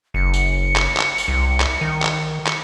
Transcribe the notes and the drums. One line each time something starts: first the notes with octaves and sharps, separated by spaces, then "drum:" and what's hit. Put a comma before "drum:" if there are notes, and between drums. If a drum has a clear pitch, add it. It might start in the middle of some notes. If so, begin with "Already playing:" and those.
F#1 C#7
drum: tambourine
drum: clap
drum: clap
drum: tambourine
C2
drum: clap
D#3
drum: clap
C#7, drum: clap